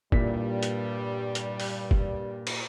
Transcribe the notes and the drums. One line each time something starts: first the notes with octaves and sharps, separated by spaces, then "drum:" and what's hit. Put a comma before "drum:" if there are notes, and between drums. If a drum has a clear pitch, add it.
G2 A#2 G3 E4 B6, drum: kick
drum: hi-hat
drum: hi-hat
drum: open hi-hat
drum: kick
drum: cymbal